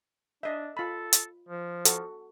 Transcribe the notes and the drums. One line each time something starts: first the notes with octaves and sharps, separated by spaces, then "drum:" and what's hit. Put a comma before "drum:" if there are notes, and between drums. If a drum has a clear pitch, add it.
D4 D#5 E5
F4 A4 B5
drum: hi-hat
F3
F#4 A4, drum: hi-hat